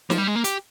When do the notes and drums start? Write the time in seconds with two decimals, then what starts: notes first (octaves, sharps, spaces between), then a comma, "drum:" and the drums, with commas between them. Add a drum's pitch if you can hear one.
0.10 F3, drum: snare
0.18 G3
0.27 G#3
0.36 A#3
0.44 G4, drum: hi-hat